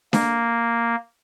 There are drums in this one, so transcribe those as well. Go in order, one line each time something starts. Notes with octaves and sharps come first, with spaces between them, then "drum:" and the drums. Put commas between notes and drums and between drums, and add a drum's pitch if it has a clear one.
A#3, drum: snare D4